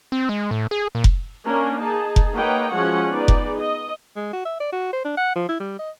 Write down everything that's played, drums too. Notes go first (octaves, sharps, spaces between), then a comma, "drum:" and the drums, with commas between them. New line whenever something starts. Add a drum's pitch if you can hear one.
C4
G#3
A2
G#4
A#2
drum: kick F1
A#3 C#4 D4 A#4
D#4 G#4 A5
drum: kick F1
A#3 B4 C#5 D#5 F#5 G5
F3 G#3 C#4 F#4 C#5 F#5
B3 D#4 G#4 D5
drum: kick F1
D#5
G#3
F#4
E5
D5
F#4
C5
D4
F#5
F3
E4
G3
D#5